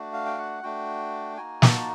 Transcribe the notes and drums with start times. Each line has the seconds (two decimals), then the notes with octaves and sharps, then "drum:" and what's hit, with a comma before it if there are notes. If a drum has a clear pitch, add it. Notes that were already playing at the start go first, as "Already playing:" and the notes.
Already playing: A3 D4 F#4
0.13 F5
0.26 G5
0.38 F#5
0.63 A3 D4 F#4 G5
1.37 A#3 D#4 F#4 G#5
1.62 A5, drum: snare